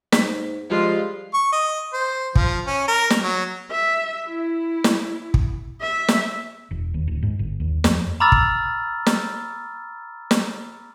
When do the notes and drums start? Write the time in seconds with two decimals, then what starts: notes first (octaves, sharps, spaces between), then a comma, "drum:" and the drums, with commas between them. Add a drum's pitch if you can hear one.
0.12 G#2 B6, drum: snare
0.70 F3 G3 G#3 F4
1.34 C#6
1.52 D#5
1.93 C5
2.35 F3, drum: kick
2.66 C#4
2.88 A#4
3.10 drum: snare
3.23 F#3
3.71 E5
4.28 E4
4.84 drum: snare
5.34 drum: kick
5.82 E5
6.08 drum: snare
6.71 E1
6.94 D#2
7.08 D1
7.23 G#2
7.39 G1
7.60 D#2
7.84 F2, drum: snare
8.20 A#5 B5 D6 E6 F6 A6
8.32 drum: kick
9.06 drum: snare
10.31 drum: snare